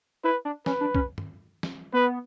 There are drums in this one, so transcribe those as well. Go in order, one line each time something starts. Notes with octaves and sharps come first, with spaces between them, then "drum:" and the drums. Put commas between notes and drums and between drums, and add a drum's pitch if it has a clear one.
E4 B4
D4
C#4 B4, drum: snare
D4
C#4, drum: kick
drum: tom
drum: snare
B3 B4